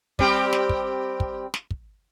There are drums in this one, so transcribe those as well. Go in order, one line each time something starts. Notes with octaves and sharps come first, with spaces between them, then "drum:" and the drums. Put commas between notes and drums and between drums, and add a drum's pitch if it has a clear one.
G3 C4 G4, drum: kick
drum: snare
drum: kick
drum: kick
drum: snare
drum: kick